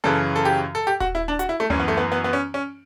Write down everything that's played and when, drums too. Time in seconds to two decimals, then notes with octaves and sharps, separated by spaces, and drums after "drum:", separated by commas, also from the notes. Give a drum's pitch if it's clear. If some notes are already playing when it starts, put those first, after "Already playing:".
0.04 F#2 C#3 E3 A4
0.36 A4
0.45 G4
0.75 A4
0.87 G4
1.00 F#4, drum: kick D#1
1.15 E4
1.28 D4
1.39 F#4, drum: hi-hat
1.49 E4
1.60 A3
1.70 F#2 E3 C#4, drum: tom D2
1.80 B3
1.88 A3
1.97 B3
2.12 B3
2.24 B3
2.33 C#4
2.54 C#4